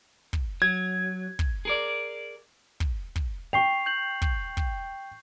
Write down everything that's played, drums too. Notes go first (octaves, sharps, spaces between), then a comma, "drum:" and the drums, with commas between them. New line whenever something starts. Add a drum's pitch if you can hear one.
drum: kick
F#3 G#6
drum: kick
G#4 A#4 D5
drum: kick
drum: kick
G5 C#6 C7 F7
G6 F#7
drum: kick
drum: kick